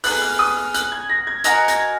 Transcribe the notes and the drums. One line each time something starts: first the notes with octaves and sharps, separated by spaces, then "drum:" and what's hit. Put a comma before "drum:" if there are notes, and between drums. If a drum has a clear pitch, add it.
B3 D4 G#4 F#6, drum: open hi-hat
F6
D#6
F6
F#6, drum: hi-hat
G#6
A#6
G#6
F#4 A#4 D#5 G#5 A#6, drum: hi-hat
G#6, drum: hi-hat